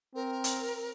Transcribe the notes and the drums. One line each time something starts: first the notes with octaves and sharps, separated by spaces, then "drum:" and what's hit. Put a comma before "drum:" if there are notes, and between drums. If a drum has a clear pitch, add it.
C4 A#4
drum: hi-hat